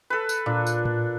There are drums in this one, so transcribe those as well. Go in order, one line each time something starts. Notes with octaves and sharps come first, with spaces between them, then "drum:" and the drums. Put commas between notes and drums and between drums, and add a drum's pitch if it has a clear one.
A4 B4
drum: tambourine
A#2 D4
drum: tambourine
drum: tom A2